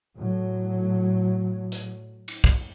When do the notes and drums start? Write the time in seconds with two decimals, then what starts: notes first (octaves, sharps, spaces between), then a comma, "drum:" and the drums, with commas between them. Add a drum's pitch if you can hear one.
0.18 A2 F#3
1.72 drum: hi-hat
2.28 drum: cymbal
2.44 drum: kick